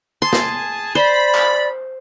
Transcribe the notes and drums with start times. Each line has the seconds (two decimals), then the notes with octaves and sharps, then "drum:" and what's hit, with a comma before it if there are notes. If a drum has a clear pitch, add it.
0.22 G#4 G#5 A5 C6
0.33 drum: snare
0.95 C5 D5 B5
1.35 drum: clap